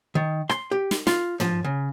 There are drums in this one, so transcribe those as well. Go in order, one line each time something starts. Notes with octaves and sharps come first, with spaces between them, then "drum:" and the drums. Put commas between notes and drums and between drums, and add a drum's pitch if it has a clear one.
D#3
C6, drum: rim click
G4
drum: snare
F4, drum: snare
F3, drum: tom
C#3